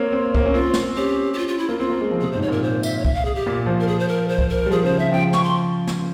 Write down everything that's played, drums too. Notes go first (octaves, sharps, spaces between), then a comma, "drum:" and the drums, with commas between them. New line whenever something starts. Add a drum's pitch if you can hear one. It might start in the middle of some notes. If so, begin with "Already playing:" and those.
Already playing: A#3 C4 C#5
C4
A#3, drum: kick C2
C#4
C4 F4
drum: snare
C#4 G4
G4
F4
F4
E4
A#3 F4
C4 F4
A#3
G#3
F3
C3 G#4
G#2 C5
C#5
A#2 A#4
C5
E5, drum: tambourine
C#5
E5, drum: kick C2
F5
G#4
G4
A#2
F3
A#4
G#4
C5
A#4
C5
drum: kick C2
A#4
G3
F3 G#4
C#3 C5
C#3 E5
F3 G5
C#6, drum: snare
C6
drum: snare